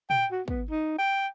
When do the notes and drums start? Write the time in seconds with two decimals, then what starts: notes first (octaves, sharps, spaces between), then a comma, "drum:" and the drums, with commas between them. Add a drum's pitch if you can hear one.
0.10 G5, drum: tom
0.32 F#4
0.48 B3, drum: kick
0.70 D#4
0.98 G5